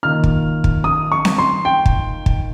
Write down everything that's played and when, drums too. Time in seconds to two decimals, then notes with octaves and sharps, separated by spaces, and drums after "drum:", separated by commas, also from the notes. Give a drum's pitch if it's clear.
0.03 D#3 A#3 F4 F6
0.24 drum: kick
0.64 drum: kick
0.84 D#6
1.12 C#6
1.25 drum: snare C4
1.38 C6
1.65 G5
1.86 drum: kick
2.26 drum: kick